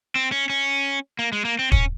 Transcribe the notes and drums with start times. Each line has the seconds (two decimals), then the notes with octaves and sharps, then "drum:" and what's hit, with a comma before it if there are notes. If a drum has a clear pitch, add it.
0.15 C4
0.32 C#4
0.50 C#4
1.19 A#3
1.32 G#3
1.45 A#3
1.59 C4
1.72 C#4, drum: kick